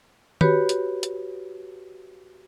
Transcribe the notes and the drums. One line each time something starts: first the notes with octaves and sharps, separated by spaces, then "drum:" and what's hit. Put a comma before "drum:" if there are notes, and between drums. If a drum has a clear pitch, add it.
F#4 G4 B4 C#5 B5, drum: tom D#3
drum: hi-hat
drum: hi-hat